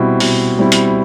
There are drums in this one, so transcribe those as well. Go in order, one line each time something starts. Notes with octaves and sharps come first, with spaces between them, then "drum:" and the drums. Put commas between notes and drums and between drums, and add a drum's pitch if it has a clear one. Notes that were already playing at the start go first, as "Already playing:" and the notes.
Already playing: B2 G3 C4 E4
B2, drum: open hi-hat
G3 C4 E4
drum: hi-hat